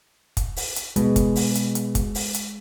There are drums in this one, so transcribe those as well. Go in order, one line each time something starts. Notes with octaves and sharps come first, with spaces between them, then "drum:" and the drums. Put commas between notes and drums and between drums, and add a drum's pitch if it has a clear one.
drum: kick, hi-hat
drum: open hi-hat
drum: hi-hat
B2 G#3, drum: hi-hat
drum: kick, hi-hat
drum: open hi-hat
drum: hi-hat
drum: hi-hat
drum: kick, hi-hat
drum: open hi-hat
drum: hi-hat